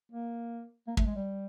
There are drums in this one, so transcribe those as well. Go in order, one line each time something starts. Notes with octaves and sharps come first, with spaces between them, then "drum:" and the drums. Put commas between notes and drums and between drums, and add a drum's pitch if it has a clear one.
A#3
A#3
A3, drum: kick
G#3
G3